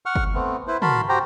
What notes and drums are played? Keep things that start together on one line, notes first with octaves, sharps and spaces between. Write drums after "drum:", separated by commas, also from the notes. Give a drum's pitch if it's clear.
F#5 C#6 F6
drum: kick G1
A3 B3 C4
E4 B4 C5
F#4 A#4 A5 B5 C6, drum: tom
F#4 G4 C5 G5 A#5